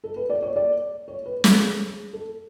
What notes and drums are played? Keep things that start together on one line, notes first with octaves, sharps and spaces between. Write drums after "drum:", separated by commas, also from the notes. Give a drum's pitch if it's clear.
A4
B4
D5
C#5
D5
C#5
B4
A4, drum: snare
G#4
A4